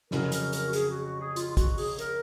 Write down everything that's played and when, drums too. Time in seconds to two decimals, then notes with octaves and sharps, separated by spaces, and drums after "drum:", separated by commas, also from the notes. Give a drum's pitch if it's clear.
0.11 F2 C#3 F#3 A#4, drum: snare
0.32 A#4, drum: hi-hat
0.53 A#4, drum: hi-hat
0.68 F#4
0.73 G#4, drum: hi-hat
0.89 F#4
1.05 F#4
1.21 G#4
1.36 F4, drum: hi-hat
1.50 F4
1.57 F#4, drum: kick, hi-hat
1.78 G#4, drum: open hi-hat
1.99 A#4, drum: hi-hat